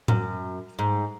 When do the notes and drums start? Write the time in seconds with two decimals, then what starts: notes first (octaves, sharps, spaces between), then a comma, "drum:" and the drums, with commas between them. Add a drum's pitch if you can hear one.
0.08 F#2, drum: tom A2
0.79 G#2